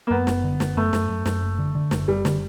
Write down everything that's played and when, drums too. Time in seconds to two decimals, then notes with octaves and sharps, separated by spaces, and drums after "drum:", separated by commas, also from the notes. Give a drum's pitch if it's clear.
0.07 A#3
0.10 F#2 B3
0.27 F#1, drum: snare
0.44 D3
0.60 F#1, drum: snare
0.77 F#2 A3
0.93 F#2, drum: snare
1.09 F#2
1.26 F#2, drum: snare
1.42 F#1
1.58 D3
1.75 D3
1.91 F#1, drum: snare
2.08 F#1 G3
2.25 D3, drum: snare